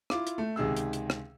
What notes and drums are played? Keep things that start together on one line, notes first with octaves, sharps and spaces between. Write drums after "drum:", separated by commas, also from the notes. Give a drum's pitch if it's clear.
E4 F4 D6, drum: rim click
drum: hi-hat
A3
C#2 C3 D#3 G#4 E6
drum: hi-hat
drum: hi-hat
drum: rim click